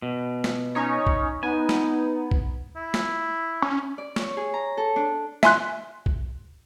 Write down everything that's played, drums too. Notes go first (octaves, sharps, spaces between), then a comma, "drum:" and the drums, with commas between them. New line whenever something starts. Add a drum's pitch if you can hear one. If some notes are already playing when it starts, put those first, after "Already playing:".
B2
drum: snare
C#4 D#4 C#5
drum: kick B1
B3 D#4 G#5
drum: snare
drum: kick B1
E4
drum: snare
C#4
D5
C#5, drum: snare
G#4
A#5
A4
D4
E5 G#5 C6 F#6, drum: snare
drum: kick B1